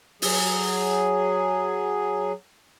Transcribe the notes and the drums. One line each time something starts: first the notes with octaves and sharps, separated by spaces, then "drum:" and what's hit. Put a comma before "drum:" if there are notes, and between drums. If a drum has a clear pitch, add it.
F#3 G#4, drum: open hi-hat